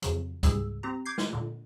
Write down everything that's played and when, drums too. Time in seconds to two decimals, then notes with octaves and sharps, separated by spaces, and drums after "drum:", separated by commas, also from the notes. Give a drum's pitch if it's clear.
0.02 F2 C#3 F#3, drum: hi-hat
0.43 C#2 G#2 G3 G#4 E6, drum: kick, hi-hat
0.83 C4 G4 A#5
1.05 D6 G6 G#6 C7
1.18 F4, drum: snare
1.33 A#2 D3